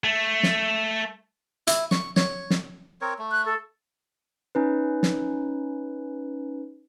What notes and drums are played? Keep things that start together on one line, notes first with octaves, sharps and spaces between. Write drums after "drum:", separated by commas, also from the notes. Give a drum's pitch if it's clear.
A3
drum: snare
E4, drum: hi-hat
C#6, drum: snare
C#5, drum: snare
drum: snare
C4 A#4 C#5
A3
F#6
A4
C#4 D#4 B4
drum: snare